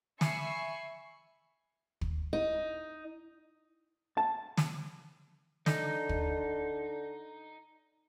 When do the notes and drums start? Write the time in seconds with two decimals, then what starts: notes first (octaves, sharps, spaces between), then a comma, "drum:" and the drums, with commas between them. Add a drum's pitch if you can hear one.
0.21 E5 G#5 B5 C#6 C7 C#7, drum: snare
2.01 drum: kick
2.33 D#4
4.17 A5
4.57 drum: snare
5.66 D3 D#4, drum: snare
6.09 drum: kick